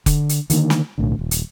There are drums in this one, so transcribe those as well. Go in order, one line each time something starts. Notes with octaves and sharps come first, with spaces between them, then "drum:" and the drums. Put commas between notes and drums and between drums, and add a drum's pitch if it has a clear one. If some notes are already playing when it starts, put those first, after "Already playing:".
D3, drum: kick F1, hi-hat
drum: hi-hat
D3 D#3 G3 A#3, drum: hi-hat
drum: snare
B1 A2 D3
D#1
drum: hi-hat